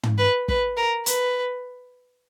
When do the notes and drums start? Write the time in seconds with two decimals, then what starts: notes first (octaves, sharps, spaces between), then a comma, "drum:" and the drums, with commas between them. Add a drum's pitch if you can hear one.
0.03 drum: tom
0.18 B4
0.48 B4, drum: kick
0.77 A#4
1.06 B4, drum: hi-hat